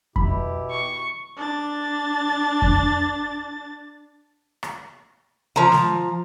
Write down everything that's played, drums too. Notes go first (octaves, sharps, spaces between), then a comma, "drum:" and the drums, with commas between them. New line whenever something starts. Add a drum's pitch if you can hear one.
B2 E4 G4 B5, drum: kick F2
C#6
D4 A6
drum: kick F2
drum: rim click
F3 A#5
drum: snare